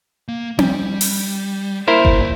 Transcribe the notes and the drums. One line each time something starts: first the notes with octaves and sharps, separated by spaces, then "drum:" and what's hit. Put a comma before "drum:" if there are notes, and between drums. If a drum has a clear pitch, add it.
A#3
G3, drum: tom C4
drum: open hi-hat
A#3 E4 A#4 C5 E5
drum: kick G1